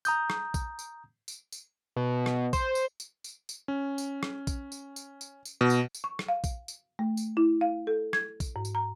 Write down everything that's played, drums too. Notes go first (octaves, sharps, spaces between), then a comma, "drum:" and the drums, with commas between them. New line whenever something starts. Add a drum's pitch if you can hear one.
A#5 D#6 G6, drum: tambourine
drum: rim click
drum: kick A#1, tambourine
drum: tambourine
drum: tambourine
drum: tambourine
B2
drum: rim click
C5, drum: kick A#1, tambourine
drum: tambourine
drum: tambourine
drum: tambourine
drum: tambourine
C#4
drum: tambourine
drum: rim click
drum: kick A#1, tambourine
drum: tambourine
drum: tambourine
drum: tambourine
drum: tambourine
B2
drum: tambourine
drum: tambourine
C#6
drum: rim click
F5
drum: kick A#1, tambourine
drum: tambourine
A3
drum: tambourine
E4
F5
A4
G#6, drum: rim click
drum: kick A#1, tambourine
G#2
drum: tambourine
A#5